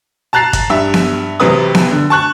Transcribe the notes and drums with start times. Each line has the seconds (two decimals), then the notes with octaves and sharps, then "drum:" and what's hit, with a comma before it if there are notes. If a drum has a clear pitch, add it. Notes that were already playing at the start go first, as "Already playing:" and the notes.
0.33 A5 A#5 F#6 A6 C7
0.53 drum: kick, hi-hat
0.70 G2 E5
0.94 drum: snare B3
1.40 A1 C3 F#3 B4 D#6
1.75 drum: snare B3
1.91 D3
2.10 A5 C#6 F#6